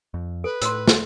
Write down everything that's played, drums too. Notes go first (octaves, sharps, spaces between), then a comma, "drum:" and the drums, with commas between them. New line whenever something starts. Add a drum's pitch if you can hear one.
F2
A4 B4
A2 C6 E6, drum: hi-hat
drum: snare